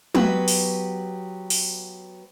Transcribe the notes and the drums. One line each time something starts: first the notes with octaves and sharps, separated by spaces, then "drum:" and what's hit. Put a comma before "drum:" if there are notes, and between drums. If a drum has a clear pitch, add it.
F#3 B3 G4 B4, drum: tom
drum: open hi-hat
drum: open hi-hat